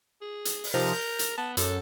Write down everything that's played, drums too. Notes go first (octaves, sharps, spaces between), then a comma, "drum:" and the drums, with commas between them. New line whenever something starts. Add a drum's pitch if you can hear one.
G#4
drum: hi-hat
drum: open hi-hat
C3 F3 D#4 A#4
G6
drum: hi-hat
B3 A5
F#2 A4, drum: hi-hat